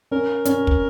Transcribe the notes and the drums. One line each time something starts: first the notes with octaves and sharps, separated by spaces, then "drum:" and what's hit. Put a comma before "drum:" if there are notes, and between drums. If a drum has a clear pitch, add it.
C#4 A#4
C#4, drum: hi-hat
drum: kick